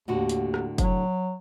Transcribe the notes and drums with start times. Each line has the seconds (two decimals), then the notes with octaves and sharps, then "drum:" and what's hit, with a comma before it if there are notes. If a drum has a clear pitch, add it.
0.08 D#2 A2 D3 F#4
0.29 drum: hi-hat
0.54 drum: rim click
0.78 F#3, drum: kick, hi-hat